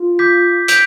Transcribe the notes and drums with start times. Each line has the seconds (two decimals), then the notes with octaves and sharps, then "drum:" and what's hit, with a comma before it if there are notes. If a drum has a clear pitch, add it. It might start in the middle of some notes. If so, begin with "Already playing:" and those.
Already playing: F4
0.19 D6 G6 B6
0.68 G6 B6 D7 F7, drum: hi-hat